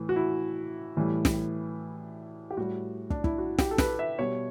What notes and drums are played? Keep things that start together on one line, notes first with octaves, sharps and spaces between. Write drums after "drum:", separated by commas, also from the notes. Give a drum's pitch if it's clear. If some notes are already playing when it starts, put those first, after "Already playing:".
Already playing: A2 E3
F#4
E4
A2 E3 G3
drum: snare
G4
A2 G3 F#4
D4, drum: kick
E4, drum: kick
F#4
G4, drum: snare
A4
B4, drum: snare
E5
B2 G3 C#5